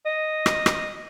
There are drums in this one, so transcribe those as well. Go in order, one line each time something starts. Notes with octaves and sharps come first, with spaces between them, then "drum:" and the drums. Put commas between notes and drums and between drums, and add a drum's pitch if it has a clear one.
D#5
drum: rim click
drum: rim click